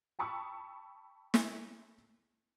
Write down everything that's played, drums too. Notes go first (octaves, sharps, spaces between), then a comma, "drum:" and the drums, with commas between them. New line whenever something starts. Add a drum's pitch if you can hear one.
G5 A5 B5 C#6 D#6 E6
drum: snare